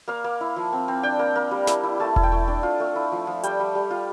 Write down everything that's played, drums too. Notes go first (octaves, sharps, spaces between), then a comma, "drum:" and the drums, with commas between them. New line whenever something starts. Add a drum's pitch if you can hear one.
A#3 F5
A#3
E4
F3
C4
C4
D4 G5
A#3
A#3
G3
E4, drum: snare
E4
A3 A5
E4, drum: kick E1
G5
A3
D4 G5
F4
A3
E4
F3
F3
G3 G5, drum: hi-hat
G3
G3
F4